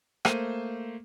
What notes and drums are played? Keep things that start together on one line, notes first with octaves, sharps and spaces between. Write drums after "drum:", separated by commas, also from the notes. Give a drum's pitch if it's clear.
A3 A#3 C5 D#7, drum: rim click